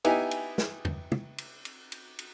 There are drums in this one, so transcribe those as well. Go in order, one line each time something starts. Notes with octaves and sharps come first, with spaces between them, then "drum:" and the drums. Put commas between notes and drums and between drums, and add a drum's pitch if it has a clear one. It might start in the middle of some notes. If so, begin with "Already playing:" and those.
B3 D#4 E4 G4 G#5, drum: cymbal
drum: cymbal
drum: snare
drum: tom E2
drum: tom
drum: cymbal
drum: cymbal
drum: cymbal
drum: cymbal